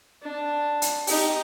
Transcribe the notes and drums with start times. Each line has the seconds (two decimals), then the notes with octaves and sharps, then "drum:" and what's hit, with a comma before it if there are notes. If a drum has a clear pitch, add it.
0.22 D4
0.82 drum: hi-hat
1.07 D#4 G4, drum: open hi-hat